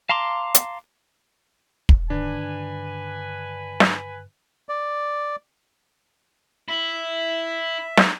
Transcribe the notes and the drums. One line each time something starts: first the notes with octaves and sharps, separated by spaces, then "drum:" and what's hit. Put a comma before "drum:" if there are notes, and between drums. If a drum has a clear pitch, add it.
F5 A5 A#5 C6 D6
drum: hi-hat
drum: kick
G2 D3 D#3 D4 B4 G#5
drum: snare
D5
E4 E5
drum: snare